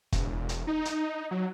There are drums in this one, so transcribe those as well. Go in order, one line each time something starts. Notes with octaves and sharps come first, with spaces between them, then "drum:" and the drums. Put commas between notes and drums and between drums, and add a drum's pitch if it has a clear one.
E1, drum: kick, hi-hat
drum: hi-hat
D#4
drum: hi-hat
F#3